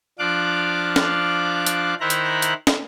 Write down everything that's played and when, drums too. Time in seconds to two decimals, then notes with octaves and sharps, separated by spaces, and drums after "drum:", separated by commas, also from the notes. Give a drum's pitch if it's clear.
0.19 F3 D4 F5 D6 F#6
0.96 drum: snare
1.66 drum: hi-hat
2.00 D#3 E4 C5 E5 A#5 F#6
2.10 drum: hi-hat
2.42 drum: hi-hat
2.67 drum: snare